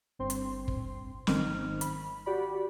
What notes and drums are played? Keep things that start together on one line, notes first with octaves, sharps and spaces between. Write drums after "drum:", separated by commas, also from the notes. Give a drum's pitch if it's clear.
G1 C4 C6
drum: hi-hat
drum: kick
G#1 D#3 C4 F6, drum: snare
B5, drum: hi-hat
F#4 G4 D5 B5